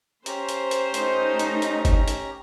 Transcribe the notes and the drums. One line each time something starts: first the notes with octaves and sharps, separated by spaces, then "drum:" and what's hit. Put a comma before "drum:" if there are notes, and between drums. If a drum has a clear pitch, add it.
C#4 G4 C5 A#5, drum: hi-hat
drum: hi-hat
drum: hi-hat
A3 D#4, drum: hi-hat
drum: hi-hat
drum: hi-hat
drum: kick G1, hi-hat
drum: hi-hat